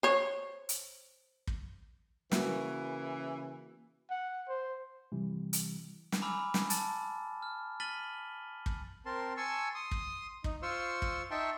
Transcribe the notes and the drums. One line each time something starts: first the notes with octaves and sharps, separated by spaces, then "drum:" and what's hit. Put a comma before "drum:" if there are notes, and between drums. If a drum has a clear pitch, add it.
C5 C#5
drum: hi-hat
drum: kick
C#3 E3 A#3 F#4, drum: snare
F#5
C5
C3 E3 G3
drum: hi-hat
drum: snare
G#5 A#5 B5 D6 E6 F6
drum: snare
A5 A6, drum: hi-hat
F6
F6 A6 B6 D#7 F#7 G7
drum: kick
C4 A#4 A5 C6
G#5 A5 C6 C#6 E6
C6 D#6
drum: kick
D#4, drum: kick
F4 C5 C6 C#6 E6
drum: kick
D#4 E5 G5 A5 C6 C#6